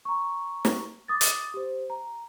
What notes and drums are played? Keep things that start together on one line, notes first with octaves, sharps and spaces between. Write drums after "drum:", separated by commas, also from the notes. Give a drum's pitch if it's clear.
A#5 C#6
drum: snare
D6 D#6 A6
drum: hi-hat
G4 C5
A#5